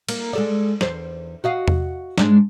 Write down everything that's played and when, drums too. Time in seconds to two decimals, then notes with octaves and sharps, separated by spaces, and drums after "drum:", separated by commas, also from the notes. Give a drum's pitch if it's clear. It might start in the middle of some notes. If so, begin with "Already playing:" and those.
0.09 A#3, drum: cymbal
0.33 G#3 A4 D5
0.81 E2 C5, drum: snare
1.44 F#4 D#5 F5
1.68 drum: tom E2
2.18 G#2 G#3 D4, drum: snare